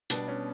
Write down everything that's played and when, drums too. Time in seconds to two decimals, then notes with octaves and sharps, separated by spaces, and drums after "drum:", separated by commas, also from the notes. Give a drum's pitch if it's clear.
0.10 B2 G3 B3 D4, drum: hi-hat
0.28 C#4